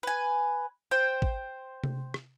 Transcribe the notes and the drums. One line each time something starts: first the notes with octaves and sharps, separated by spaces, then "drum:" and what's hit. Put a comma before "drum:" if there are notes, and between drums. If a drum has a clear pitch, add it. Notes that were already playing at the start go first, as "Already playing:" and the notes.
B4 G#5
C5 G5
drum: kick G#1
drum: tom C3
drum: rim click